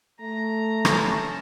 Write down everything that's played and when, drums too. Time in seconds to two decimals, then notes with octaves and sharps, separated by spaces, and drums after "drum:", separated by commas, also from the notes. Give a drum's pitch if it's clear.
0.21 A3 A#5
0.85 C#4 A5, drum: rim click